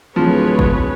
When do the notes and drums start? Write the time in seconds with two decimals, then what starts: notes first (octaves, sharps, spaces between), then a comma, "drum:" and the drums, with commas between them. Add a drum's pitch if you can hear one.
0.16 D1 F3 G#4 B4 C#5
0.59 drum: kick G1